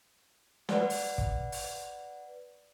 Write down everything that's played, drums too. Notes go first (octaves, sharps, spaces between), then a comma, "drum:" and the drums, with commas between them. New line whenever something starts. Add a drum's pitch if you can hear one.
B4 D5 F#5, drum: snare
drum: open hi-hat
drum: kick
drum: open hi-hat